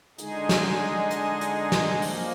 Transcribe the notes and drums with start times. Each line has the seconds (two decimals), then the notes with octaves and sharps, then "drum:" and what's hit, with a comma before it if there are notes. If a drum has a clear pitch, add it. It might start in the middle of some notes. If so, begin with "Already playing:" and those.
0.18 D3 G#3 D#4 G#4, drum: hi-hat
0.49 drum: snare
1.11 drum: hi-hat
1.41 drum: hi-hat
1.72 drum: snare
2.02 F3 A#3, drum: open hi-hat